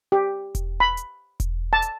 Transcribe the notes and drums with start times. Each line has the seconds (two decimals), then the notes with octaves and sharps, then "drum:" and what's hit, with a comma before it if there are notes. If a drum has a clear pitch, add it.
0.12 G4
0.55 drum: kick E1, hi-hat
0.80 B5
0.97 drum: hi-hat
1.40 drum: kick E1, hi-hat
1.73 A5
1.82 drum: hi-hat